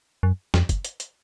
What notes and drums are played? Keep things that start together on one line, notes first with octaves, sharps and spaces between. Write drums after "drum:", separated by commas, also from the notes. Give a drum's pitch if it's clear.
F#2
F2, drum: snare
drum: kick, hi-hat
drum: hi-hat
drum: hi-hat